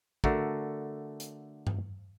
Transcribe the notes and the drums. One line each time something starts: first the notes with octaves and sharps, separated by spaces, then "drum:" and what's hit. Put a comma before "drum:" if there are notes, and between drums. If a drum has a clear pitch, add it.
D3 A3 F#4 A#4, drum: kick
drum: hi-hat
drum: tom G2